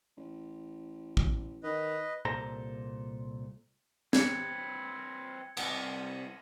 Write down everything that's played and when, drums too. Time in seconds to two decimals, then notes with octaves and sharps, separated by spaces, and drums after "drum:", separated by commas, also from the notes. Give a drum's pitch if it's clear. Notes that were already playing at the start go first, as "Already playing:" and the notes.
0.17 A1
1.17 drum: kick
1.63 D#3 B4 D#5
2.25 C2 A#2 A4 C5 A#5
4.13 C4 B4 G#6 C#7, drum: snare
5.57 C2 B3, drum: cymbal